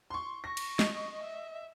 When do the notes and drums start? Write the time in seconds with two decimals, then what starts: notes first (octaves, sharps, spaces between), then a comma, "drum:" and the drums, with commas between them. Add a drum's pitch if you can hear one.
0.10 C6 C#6
0.44 C#6 A#6
0.57 drum: cymbal
0.79 D#5, drum: snare
1.24 E5